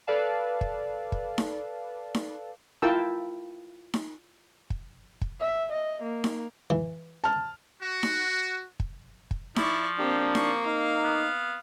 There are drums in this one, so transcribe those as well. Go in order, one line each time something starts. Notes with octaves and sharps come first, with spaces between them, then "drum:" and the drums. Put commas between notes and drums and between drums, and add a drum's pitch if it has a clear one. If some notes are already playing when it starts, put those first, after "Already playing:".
A4 B4 D5 F5 A5
drum: kick
drum: kick
drum: snare D#4
drum: snare D#4
E4 F4 A#4 G5 A5 E6
drum: snare D#4
drum: kick
drum: kick
E5
D#5
A#3
drum: snare D#4
E3
A5 F6
F#4
drum: snare D#4
drum: kick
drum: kick
F3 E4 D5 C#6, drum: snare D#4
A#3 C4 D4 G4
C#6, drum: snare D#4
D#4 F5
B3